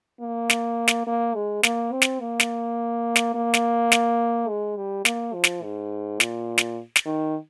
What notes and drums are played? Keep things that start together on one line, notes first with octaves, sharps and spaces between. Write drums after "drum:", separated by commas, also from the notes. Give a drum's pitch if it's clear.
A#3
drum: snare
drum: snare
A#3
G#3
A#3, drum: snare
C4
drum: snare
A#3
drum: snare
drum: snare
A#3
drum: snare
drum: snare
G#3
G3
A#3, drum: snare
F3
drum: snare
G#2
A#2, drum: snare
drum: snare
drum: snare
D#3